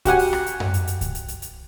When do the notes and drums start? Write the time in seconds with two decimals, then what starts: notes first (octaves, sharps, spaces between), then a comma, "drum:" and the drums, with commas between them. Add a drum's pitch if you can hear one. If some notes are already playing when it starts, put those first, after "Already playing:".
0.05 F#4 G4 F#5 G#5, drum: kick C2, hi-hat
0.19 drum: open hi-hat
0.33 drum: rim click
0.46 drum: hi-hat
0.60 drum: tom F#2
0.74 drum: hi-hat
0.87 drum: hi-hat
1.01 drum: kick C2, hi-hat
1.15 drum: hi-hat
1.28 drum: hi-hat
1.42 drum: hi-hat